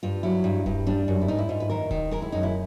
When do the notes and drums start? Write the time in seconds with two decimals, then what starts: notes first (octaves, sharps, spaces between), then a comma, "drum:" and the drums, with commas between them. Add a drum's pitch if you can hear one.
0.03 G2 F4
0.23 F#3 E4
0.44 G2
0.66 G2, drum: kick D#1
0.87 G3 D4
1.08 F#2
1.21 E4
1.28 G#2 D#4
1.39 E4
1.49 G#2 F4
1.60 B4
1.69 D#3 A#4
1.91 D#3, drum: kick D#1
2.11 G#3 A#4
2.22 E4
2.32 F#2 D#4
2.43 E4